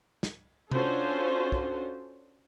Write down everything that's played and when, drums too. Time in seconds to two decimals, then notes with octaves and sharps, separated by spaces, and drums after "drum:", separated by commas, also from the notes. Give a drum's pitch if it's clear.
0.23 drum: snare
0.71 C#4 D4 F4 F#4 A4 C5, drum: tom C3
1.52 drum: kick